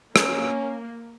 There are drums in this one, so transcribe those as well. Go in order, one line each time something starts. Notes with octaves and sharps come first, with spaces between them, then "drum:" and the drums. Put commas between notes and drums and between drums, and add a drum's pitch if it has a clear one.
A#3 C#4, drum: rim click